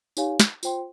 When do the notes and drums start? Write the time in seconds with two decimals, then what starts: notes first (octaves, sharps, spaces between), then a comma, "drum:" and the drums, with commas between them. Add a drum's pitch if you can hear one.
0.17 D#4 G4 C#5 F5 G#5, drum: tambourine
0.40 drum: snare
0.63 F4 C5 G5 C6, drum: tambourine